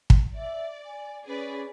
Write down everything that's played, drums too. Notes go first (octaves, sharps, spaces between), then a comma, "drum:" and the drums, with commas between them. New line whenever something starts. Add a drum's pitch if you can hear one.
drum: kick
D5 E5
G#5
C#4 G#4 B4 D5